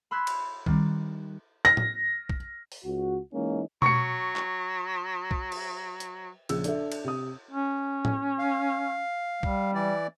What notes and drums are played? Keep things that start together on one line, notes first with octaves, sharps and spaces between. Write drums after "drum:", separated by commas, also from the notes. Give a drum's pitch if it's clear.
B5 C6 E6 F#6 G#6 B6
drum: cymbal
D#3 G3 C4, drum: kick A#1
A#6
drum: tom A2
drum: kick A#1
drum: open hi-hat
C#2 F#4
E3 G#3 A#3 C#4 D#4
F#3 C#6 C#7, drum: tom B2
drum: clap
drum: kick A#1
drum: cymbal
drum: hi-hat
A#1 C#3 E6, drum: cymbal
D4 A4 E5, drum: hi-hat
drum: cymbal
C3 D#6
C#4
drum: tom A2
F5
G3, drum: kick A#1
E3 D5